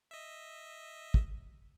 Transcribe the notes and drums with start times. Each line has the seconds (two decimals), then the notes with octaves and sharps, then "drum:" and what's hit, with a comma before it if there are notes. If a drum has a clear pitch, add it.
0.11 D#5 E5
1.14 drum: kick